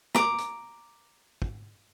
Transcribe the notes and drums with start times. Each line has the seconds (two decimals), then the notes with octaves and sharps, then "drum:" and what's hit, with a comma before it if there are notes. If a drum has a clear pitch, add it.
0.15 A#5 D6, drum: snare
0.38 drum: hi-hat
1.42 drum: kick